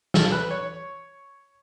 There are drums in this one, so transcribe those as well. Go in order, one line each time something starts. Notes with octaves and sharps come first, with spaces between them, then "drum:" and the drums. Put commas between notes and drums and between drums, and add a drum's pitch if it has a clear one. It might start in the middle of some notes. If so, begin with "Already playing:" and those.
A4, drum: snare
B4
C#5